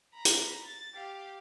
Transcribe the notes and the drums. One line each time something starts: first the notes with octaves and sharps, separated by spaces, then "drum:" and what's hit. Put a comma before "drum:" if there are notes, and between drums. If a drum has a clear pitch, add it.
A#5 B5
drum: hi-hat
A6
G4 F5